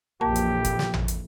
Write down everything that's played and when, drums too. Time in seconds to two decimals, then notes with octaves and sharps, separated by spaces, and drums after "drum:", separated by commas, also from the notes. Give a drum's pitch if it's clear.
0.21 A#1 F2 E3 A#3 G4 A5
0.36 drum: hi-hat
0.65 drum: kick, hi-hat
0.79 drum: snare
0.94 drum: tom
1.08 drum: hi-hat